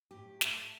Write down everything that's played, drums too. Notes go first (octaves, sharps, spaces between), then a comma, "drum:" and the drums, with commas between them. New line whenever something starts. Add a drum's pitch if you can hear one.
A2 G4
A3, drum: snare